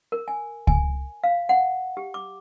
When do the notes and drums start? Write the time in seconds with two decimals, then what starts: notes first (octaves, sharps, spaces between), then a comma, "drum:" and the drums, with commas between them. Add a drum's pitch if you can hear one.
0.12 A#4
0.28 G#5
0.67 G#5, drum: kick C#2
1.24 F5
1.49 F#5
1.97 G4
2.14 D6